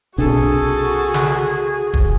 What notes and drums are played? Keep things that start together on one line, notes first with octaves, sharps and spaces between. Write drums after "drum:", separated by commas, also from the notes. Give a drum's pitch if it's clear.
B1 C3 D4 F#4 G#4 A4
drum: snare
drum: kick